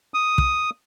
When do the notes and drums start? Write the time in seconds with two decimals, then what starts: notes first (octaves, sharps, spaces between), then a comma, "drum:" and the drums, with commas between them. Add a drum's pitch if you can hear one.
0.14 D#6
0.38 drum: kick